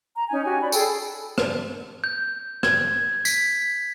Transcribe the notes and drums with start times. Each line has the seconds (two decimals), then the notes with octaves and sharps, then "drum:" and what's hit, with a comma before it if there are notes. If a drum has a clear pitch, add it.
0.15 A#5
0.30 C#4 D#4 G#5
0.43 F#4 G4 G#5
0.60 C#5 D5 B5
0.72 G#4 A4 G5, drum: tambourine
1.38 drum: rim click
2.04 G6
2.63 G#6, drum: rim click
3.25 B6, drum: tambourine